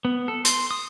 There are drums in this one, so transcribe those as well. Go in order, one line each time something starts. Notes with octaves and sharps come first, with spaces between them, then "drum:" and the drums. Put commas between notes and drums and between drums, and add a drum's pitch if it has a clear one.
B3
A4
C6, drum: hi-hat
D#6